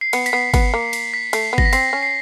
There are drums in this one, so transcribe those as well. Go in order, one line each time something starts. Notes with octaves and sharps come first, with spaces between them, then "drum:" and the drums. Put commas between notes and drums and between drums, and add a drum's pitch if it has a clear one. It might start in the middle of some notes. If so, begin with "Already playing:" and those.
C7
B3 C#7, drum: cymbal
B6, drum: cymbal
B3 C7
B3, drum: kick G1, cymbal
A#3
drum: cymbal
B6
A3 C7, drum: cymbal
B3
A#6, drum: kick G1
B6
C4 C7, drum: cymbal
C#4
C7